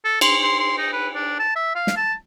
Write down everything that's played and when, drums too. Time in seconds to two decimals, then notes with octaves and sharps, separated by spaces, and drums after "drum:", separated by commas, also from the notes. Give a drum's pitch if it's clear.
0.05 A4
0.21 C6, drum: cymbal
0.42 C6
0.60 C6
0.78 D#4
0.93 B4
1.14 D4
1.39 A5
1.56 E5
1.75 F5
1.87 drum: snare
1.96 A5